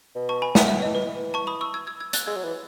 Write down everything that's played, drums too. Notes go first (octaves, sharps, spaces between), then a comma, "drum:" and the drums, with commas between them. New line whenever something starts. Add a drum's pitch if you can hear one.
B2
A5 C#6
G#5 B5
F#5 A5, drum: snare
E3 E5
D#5
B4
A5 C#6
B5 D#6
C#6 E6
E6 G#6
E6 G#6
E6 G#6
F#6 A6, drum: hi-hat
G#3 E6 G#6
F#3
E3